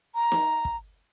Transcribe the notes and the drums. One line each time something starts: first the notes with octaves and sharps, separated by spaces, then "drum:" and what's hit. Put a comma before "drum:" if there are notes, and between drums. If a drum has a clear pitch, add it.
A#5
drum: snare
drum: kick